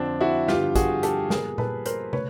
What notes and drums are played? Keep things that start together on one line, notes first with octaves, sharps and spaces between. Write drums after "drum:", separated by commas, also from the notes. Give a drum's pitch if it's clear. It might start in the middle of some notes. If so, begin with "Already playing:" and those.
Already playing: F2 D3 F3 C4 D4
E4 F#4
G2 D3 G3 B3 F4 G4, drum: snare
F#4 G#4, drum: kick A1, hi-hat
G4 A4, drum: hi-hat
A#2 G3 B3 G#4 A#4, drum: snare
A4 B4, drum: tom A#2
A#4 C5, drum: hi-hat
A3 B4 C#5, drum: tom